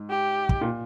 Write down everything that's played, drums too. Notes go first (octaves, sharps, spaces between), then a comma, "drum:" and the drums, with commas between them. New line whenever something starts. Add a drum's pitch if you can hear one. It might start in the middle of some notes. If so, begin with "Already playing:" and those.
Already playing: G#2
G4
drum: kick
A#2